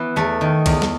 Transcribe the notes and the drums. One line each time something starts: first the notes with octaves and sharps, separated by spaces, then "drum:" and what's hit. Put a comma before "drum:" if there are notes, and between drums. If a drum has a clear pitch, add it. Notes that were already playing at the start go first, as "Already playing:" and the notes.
Already playing: E3 B3
E2 A3
D#3
E2, drum: kick B1, cymbal
drum: snare